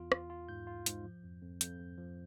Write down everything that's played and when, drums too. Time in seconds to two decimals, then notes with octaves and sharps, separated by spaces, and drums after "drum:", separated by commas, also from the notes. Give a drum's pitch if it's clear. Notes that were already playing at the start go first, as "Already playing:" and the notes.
Already playing: E2 F4
0.12 F4, drum: rim click
0.30 F4
0.49 G#2 G6
0.67 F4
0.86 G#2, drum: hi-hat
1.04 F3
1.24 F2
1.42 F2
1.61 F2 G6, drum: hi-hat
1.79 F2
1.98 F3